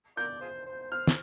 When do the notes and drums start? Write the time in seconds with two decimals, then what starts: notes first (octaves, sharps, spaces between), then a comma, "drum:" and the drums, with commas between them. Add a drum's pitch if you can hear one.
0.17 F4 A#4 D5 G6
0.41 F4 G#4 C5
0.66 C5
0.92 C5 F6
1.07 drum: snare